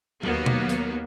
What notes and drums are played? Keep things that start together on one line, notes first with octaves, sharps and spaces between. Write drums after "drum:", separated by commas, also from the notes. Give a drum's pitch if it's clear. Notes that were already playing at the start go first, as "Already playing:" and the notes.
D#2 F#3 A#3 B3, drum: tom
drum: tom B2
drum: hi-hat